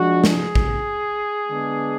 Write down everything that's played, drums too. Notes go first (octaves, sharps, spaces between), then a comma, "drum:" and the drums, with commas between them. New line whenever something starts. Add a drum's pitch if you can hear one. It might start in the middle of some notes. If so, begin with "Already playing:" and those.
Already playing: F3 G#3 D4 F#4
G#4, drum: snare
drum: kick
D3 G#3 B3 D4